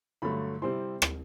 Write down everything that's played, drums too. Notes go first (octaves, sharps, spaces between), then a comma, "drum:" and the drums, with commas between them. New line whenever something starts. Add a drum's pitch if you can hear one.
G2 D3 F#3 A3 B5
C3 G3 C4 E4 C6
drum: rim click